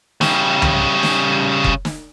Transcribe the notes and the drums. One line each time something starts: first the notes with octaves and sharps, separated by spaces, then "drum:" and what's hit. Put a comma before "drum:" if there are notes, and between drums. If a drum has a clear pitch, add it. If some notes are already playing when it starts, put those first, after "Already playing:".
C#3 G3, drum: snare
drum: tom
drum: snare
drum: kick F1
drum: snare